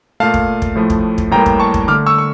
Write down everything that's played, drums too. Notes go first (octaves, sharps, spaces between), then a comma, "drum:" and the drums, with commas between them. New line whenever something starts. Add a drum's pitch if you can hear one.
A#2 A3 F5 A5
drum: kick
drum: kick
A2 F3 A3
drum: kick
drum: kick
A2 E3 G3 A#3 G5 A#5
drum: kick
A5 C#6
drum: kick
D3 A3 D6 F6
C#6 E6
C#6